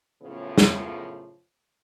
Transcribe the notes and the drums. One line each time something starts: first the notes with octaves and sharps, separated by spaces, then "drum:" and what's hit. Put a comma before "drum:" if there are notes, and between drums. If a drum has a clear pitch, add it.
F#2 A2 C#3 F3 B3
drum: snare